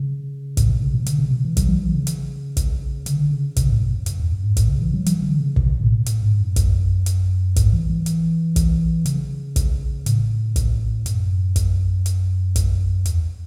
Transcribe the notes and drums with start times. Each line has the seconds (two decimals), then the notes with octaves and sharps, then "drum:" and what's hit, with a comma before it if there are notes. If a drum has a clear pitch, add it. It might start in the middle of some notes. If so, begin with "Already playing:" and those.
Already playing: C#3
0.57 A2, drum: kick, hi-hat
0.69 B2
0.82 C#3
0.95 B2
1.06 D3, drum: hi-hat
1.19 C#3
1.31 B2
1.45 E3
1.57 F#3, drum: kick, hi-hat
1.69 E3
1.82 E3
1.95 C#3
2.07 drum: hi-hat
2.57 drum: kick, hi-hat
3.06 D3, drum: hi-hat
3.31 C#3
3.56 B2, drum: kick, hi-hat
3.69 A2
3.82 F#2
3.94 F#2
4.06 F#2, drum: hi-hat
4.20 E2
4.32 F#2
4.44 G#2
4.57 A2, drum: kick, hi-hat
4.68 C#3
4.81 E3
4.94 F#3
5.06 E3, drum: hi-hat
5.22 D3
5.40 C#3
5.56 B2, drum: kick
5.81 A2
6.06 A2, drum: hi-hat
6.23 G#2
6.40 F#2
6.56 drum: kick, hi-hat
7.06 drum: hi-hat
7.56 G#2, drum: kick, hi-hat
7.73 E3
7.89 E3
8.06 drum: hi-hat
8.56 drum: kick, hi-hat
9.06 C#3, drum: hi-hat
9.56 drum: kick, hi-hat
10.06 A2, drum: hi-hat
10.56 drum: kick, hi-hat
11.06 F#2, drum: hi-hat
11.56 drum: kick, hi-hat
12.06 drum: hi-hat
12.56 drum: kick, hi-hat
13.06 E2, drum: hi-hat